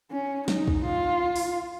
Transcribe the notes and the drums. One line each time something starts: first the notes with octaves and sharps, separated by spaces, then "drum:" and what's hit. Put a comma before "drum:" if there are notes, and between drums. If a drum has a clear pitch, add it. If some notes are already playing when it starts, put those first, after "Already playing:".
C#4
D#4, drum: snare
drum: kick
F4
drum: open hi-hat